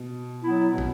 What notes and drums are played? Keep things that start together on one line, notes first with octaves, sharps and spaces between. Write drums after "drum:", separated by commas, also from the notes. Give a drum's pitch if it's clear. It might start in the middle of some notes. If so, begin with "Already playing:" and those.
Already playing: B2
F#3 B3 E4
B2
C#3, drum: kick